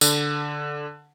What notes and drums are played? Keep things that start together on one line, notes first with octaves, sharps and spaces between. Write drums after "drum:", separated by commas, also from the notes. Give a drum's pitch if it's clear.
D3, drum: tambourine